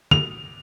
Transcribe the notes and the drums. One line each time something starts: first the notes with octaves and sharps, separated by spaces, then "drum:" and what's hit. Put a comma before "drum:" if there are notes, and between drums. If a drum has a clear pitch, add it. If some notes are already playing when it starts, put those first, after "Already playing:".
F7, drum: tom D3